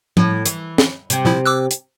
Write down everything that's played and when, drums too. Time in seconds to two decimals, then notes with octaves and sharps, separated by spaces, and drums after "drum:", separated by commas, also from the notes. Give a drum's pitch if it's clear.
0.17 A2, drum: tom F3
0.46 E3, drum: hi-hat
0.78 drum: snare
1.10 C3 C4, drum: hi-hat
1.25 A#2 F3 E4
1.46 D6 E6 F#6
1.71 drum: hi-hat